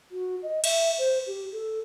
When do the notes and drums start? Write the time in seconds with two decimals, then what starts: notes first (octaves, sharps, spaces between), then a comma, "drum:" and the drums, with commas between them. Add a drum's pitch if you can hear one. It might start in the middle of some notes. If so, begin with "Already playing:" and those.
0.11 F#4
0.43 D#5
0.64 E5, drum: cymbal
0.98 C5
1.27 G4
1.53 A4